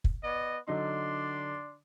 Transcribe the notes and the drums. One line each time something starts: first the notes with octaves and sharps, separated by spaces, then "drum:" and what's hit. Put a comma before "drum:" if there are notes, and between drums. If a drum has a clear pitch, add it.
drum: kick
B3 D5 D#5
D3 F#3 D4 D#4 D5 C6